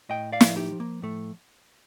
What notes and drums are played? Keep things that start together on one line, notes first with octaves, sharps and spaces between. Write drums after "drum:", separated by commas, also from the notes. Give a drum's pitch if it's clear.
A2 D#5 G5
D5 F5
F3, drum: snare
D#4 G4
F3
A#3
A2 A3